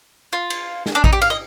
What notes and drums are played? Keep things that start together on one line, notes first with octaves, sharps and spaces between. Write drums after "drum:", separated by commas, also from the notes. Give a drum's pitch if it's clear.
F4
drum: cymbal
drum: snare
D4
D#4, drum: kick A1
G4
F5, drum: cymbal
D#5